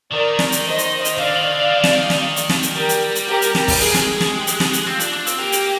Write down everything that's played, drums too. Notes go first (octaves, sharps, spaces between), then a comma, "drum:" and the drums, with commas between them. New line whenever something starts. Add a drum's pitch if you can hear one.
D#3 A#4 D5
drum: snare
drum: hi-hat
C5 D#5
drum: hi-hat
drum: hi-hat
D3 D5 F5
D#3
D3
D#3
drum: snare
drum: snare
drum: hi-hat
drum: snare
drum: hi-hat
G3 G4 A#4
drum: hi-hat
drum: hi-hat
G4 A#4
drum: hi-hat
drum: snare
drum: kick, open hi-hat
G#3 G#4
drum: snare
drum: snare
G4
drum: hi-hat
drum: snare
drum: hi-hat
C4 F4
D4, drum: hi-hat
D4
C4, drum: hi-hat
A#3 G4
drum: hi-hat